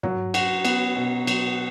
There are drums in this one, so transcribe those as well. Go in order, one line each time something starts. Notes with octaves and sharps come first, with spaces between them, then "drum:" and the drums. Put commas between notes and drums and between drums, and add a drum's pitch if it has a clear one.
F#3, drum: tom
F#4, drum: cymbal
B3, drum: cymbal
B2
F#3, drum: cymbal